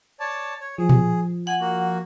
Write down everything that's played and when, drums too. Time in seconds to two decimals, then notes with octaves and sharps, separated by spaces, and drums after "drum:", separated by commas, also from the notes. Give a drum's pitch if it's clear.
0.20 C#5 D5 A5
0.61 C#5
0.78 F3 G#4
0.89 drum: tom A#2
1.47 F#5 G#5
1.60 A#3 F#4